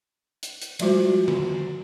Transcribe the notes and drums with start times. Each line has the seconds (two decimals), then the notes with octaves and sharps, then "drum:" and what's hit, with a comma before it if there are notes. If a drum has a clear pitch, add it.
0.43 drum: hi-hat
0.62 drum: hi-hat
0.79 F3 G3 G#3 F4 F#4 C5, drum: cymbal
1.28 drum: tom D3